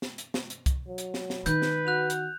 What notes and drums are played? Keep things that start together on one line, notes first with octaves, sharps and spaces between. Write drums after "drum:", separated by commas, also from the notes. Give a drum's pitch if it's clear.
drum: snare
drum: hi-hat
drum: snare
drum: hi-hat
drum: kick C2, hi-hat
F#3
drum: hi-hat
drum: snare
drum: snare
D#3 B4 G6, drum: hi-hat
drum: snare
F#4 F#6 F7
drum: hi-hat